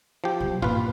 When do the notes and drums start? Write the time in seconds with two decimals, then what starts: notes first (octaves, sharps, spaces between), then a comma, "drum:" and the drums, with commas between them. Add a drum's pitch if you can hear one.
0.24 F3 G4
0.40 B1
0.62 A#2 F4 B4, drum: tom G2